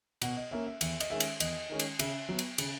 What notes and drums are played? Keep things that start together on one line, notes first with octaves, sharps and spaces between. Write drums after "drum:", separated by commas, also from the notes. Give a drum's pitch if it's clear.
B2 F#5, drum: cymbal
D#5
A#3 C#4 E5
E5
E2 E5, drum: cymbal
D#5, drum: cymbal
D#3 G#3 C#4 E5
drum: cymbal
E2 D#5, drum: cymbal
D#3 G#3 C#4
drum: cymbal
C#3 E5, drum: cymbal
F#3 B3
drum: cymbal
C#3, drum: cymbal